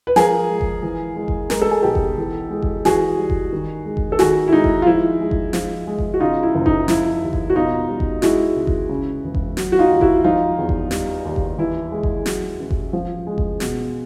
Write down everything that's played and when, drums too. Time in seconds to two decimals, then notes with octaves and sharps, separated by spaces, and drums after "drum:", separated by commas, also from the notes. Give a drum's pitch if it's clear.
0.07 B4
0.16 F3 G#4 A#4, drum: snare
0.50 G#3
0.61 drum: kick F#1
0.83 E3
1.16 G#3
1.28 drum: kick F#1
1.50 G#3 A#4, drum: snare
1.62 A4
1.71 G#4
1.82 B1 G4 A4
1.95 drum: kick F#1
2.18 E3
2.51 G#3
2.62 drum: kick F#1
2.85 E3 F#4 G#4, drum: snare
3.18 G3
3.30 drum: kick F#1
3.52 D#3
3.86 G#3
3.97 drum: kick F#1
4.12 A4
4.19 D#3 F#4 G#4, drum: snare
4.48 E4
4.53 G#3 D#4
4.64 drum: kick F#1
4.82 F4
4.86 F3 E4
5.21 G#3
5.31 drum: kick F#1
5.53 F3, drum: snare
5.87 G#3
5.98 drum: kick F#1
6.14 F#4
6.20 C#3 D#4 F4
6.43 E4
6.55 F#1
6.66 D#4, drum: kick F#1
6.88 F3 E4, drum: snare
7.22 D#2
7.33 drum: kick F#1
7.50 F#4
7.55 B2 D#4 F4
7.89 G3
8.00 drum: kick F#1
8.22 G#3 E4 F#4, drum: snare
8.56 C#2
8.67 drum: kick F#1
8.89 C#3
9.24 E1
9.35 drum: kick F#1
9.57 F#3, drum: snare
9.72 F#4
9.79 D#4 F4
9.91 D#2
10.01 E4 F#4, drum: kick F#1
10.24 F3 D#4 F4
10.58 E2
10.69 drum: kick F#1
10.91 G3, drum: snare
11.25 D#2
11.36 drum: kick F#1
11.58 E3 E4
11.92 G#3
12.03 drum: kick F#1
12.26 F#3, drum: snare
12.60 A1
12.71 drum: kick F#1
12.93 F3
13.27 G#3
13.38 drum: kick F#1
13.60 B2, drum: snare